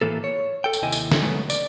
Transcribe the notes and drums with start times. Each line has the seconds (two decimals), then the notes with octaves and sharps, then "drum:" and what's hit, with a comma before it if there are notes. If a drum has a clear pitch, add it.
0.02 A2 E3 A#3 A4
0.24 C#5
0.64 A4 G5
0.73 drum: tambourine
0.82 D#2 C3 E4 D#5 G#5
0.92 drum: tambourine
1.12 drum: snare
1.22 F#3 G#3 A3 B3
1.50 D5, drum: tambourine